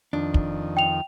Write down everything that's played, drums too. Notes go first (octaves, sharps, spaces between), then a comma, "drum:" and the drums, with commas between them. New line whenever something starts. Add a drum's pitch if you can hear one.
F2 D#3 D4
drum: kick
G5 F7